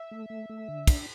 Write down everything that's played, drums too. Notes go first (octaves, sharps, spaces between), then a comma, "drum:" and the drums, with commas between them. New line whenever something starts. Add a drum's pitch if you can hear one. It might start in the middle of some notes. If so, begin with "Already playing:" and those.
Already playing: E5
A3
A3
A3
D3
D4, drum: kick, cymbal